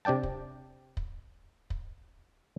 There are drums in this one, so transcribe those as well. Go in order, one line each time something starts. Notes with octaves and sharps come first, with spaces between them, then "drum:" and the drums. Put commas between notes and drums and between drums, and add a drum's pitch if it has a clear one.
C3 D4 D5 G5 A5
drum: kick
drum: kick
drum: kick